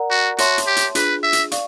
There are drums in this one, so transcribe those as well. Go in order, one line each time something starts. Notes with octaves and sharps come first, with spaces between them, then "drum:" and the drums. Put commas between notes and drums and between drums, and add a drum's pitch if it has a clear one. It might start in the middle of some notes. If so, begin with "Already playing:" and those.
Already playing: A#4 D5 F#5 A#5
F#4
F#4 C#5 E5 A5 C6, drum: hi-hat
drum: hi-hat
G4
drum: hi-hat
D4 F4 G#4 B4, drum: hi-hat
E5
drum: hi-hat
D5 F5 C#6, drum: hi-hat